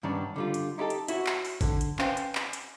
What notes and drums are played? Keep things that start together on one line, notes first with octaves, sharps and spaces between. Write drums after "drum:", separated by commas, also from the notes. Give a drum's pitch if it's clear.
G2 D#3 B3 C#4 D4 D5
D3 G3 F4
drum: hi-hat
D#4 E4 G4 A4
drum: hi-hat
E4 F#4 C#5, drum: hi-hat
drum: clap
drum: open hi-hat
D3, drum: kick, open hi-hat
drum: hi-hat
C#4 B4 C5 F5 G5, drum: clap
drum: hi-hat
drum: clap
drum: hi-hat